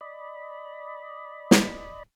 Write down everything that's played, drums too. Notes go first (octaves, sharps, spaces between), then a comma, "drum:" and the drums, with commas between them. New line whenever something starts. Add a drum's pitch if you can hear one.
D5 D#5 B5
drum: snare